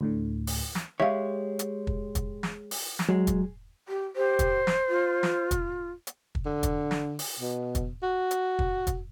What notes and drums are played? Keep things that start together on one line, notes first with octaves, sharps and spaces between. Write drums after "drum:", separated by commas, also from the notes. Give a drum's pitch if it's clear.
D2 A2 D3
drum: open hi-hat
drum: snare
G#3 G4 C#5 E5 F5
drum: hi-hat
drum: kick
drum: kick, hi-hat
drum: snare
drum: open hi-hat
drum: snare
F#3 G#3
drum: kick, hi-hat
G4
G4 C5
drum: kick, hi-hat
drum: snare
F4
drum: snare
drum: kick, hi-hat
drum: hi-hat
drum: kick
D3
drum: kick, hi-hat
drum: snare
drum: open hi-hat
B2
drum: kick, hi-hat
F#4
drum: hi-hat
drum: kick
drum: kick, hi-hat